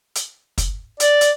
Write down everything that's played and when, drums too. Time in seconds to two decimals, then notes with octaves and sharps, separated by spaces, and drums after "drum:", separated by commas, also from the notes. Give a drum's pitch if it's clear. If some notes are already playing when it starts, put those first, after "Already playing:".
0.15 drum: hi-hat
0.58 drum: kick, hi-hat
1.00 D5, drum: hi-hat
1.21 drum: hi-hat